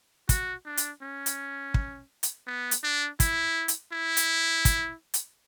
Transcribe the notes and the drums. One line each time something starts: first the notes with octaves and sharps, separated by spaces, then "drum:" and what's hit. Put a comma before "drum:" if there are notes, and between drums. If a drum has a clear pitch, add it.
F#4, drum: kick, hi-hat
D4
drum: hi-hat
C#4
drum: hi-hat
drum: kick
drum: hi-hat
B3
drum: hi-hat
D4
E4, drum: kick, hi-hat
drum: hi-hat
E4
drum: hi-hat
drum: kick, hi-hat
drum: hi-hat